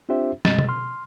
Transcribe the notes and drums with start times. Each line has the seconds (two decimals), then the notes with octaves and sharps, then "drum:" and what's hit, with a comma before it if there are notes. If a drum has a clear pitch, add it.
0.09 C4 D4 F4 G4 C5 E5
0.45 F#2 B2 G3 G#3 D#5 A6, drum: snare
0.59 drum: tom B2
0.69 C6 F6